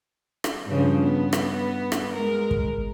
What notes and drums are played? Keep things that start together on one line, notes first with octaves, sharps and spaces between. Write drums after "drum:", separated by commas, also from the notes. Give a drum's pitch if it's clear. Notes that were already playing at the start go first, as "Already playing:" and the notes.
drum: rim click
G2 C#3 F3
B3
drum: rim click
drum: rim click
G#3 A#4
drum: kick